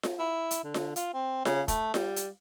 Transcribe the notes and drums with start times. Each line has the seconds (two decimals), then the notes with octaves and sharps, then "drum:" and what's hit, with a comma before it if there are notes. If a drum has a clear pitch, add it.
0.03 drum: snare F4
0.19 E4
0.51 drum: hi-hat
0.64 D3
0.74 drum: snare F4
0.96 F4, drum: hi-hat
1.14 C4
1.45 C#3, drum: snare F4
1.68 A3, drum: kick, hi-hat
1.94 G3, drum: snare F4
2.16 drum: hi-hat